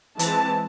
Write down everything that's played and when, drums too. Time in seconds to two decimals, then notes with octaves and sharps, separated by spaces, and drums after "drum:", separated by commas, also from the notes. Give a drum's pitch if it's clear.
0.19 E3 G#3 C4 A5, drum: hi-hat